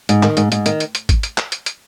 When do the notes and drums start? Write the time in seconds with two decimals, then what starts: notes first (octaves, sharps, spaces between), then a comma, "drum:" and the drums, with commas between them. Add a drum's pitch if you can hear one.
0.09 G#2, drum: hi-hat
0.23 D#3, drum: clap
0.37 G#2, drum: hi-hat
0.52 G#2, drum: hi-hat
0.66 D#3, drum: hi-hat
0.80 drum: hi-hat
0.95 drum: hi-hat
1.09 drum: kick G#1, hi-hat
1.23 drum: hi-hat
1.38 drum: clap
1.52 drum: hi-hat
1.66 drum: hi-hat